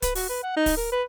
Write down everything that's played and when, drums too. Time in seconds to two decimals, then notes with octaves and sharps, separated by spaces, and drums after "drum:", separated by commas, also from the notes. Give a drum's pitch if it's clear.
0.02 B4, drum: kick, hi-hat
0.15 F#4, drum: open hi-hat
0.29 B4
0.43 F#5
0.57 D#4
0.66 drum: kick, open hi-hat
0.77 A#4
0.92 B4